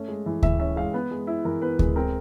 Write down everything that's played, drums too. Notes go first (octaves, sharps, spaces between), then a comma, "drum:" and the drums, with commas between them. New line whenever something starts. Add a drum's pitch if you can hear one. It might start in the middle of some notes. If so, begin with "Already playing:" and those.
Already playing: A3 C#4
G#3
E3
E3 E5, drum: kick D2
C#4 E5
G#3 F5
B3 B4
G#3
E4
E3 A#4
B3 B4
G#3, drum: kick D2
C4 A#4